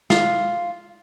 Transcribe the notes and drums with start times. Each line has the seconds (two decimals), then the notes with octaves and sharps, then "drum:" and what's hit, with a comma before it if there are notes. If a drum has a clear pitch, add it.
0.10 F4, drum: snare